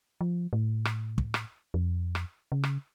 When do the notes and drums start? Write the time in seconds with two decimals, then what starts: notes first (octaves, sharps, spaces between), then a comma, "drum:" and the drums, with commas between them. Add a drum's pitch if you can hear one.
0.21 F3
0.53 A2
0.85 drum: rim click
1.18 drum: kick
1.34 drum: rim click
1.74 F2
2.15 drum: rim click
2.52 C#3
2.63 drum: rim click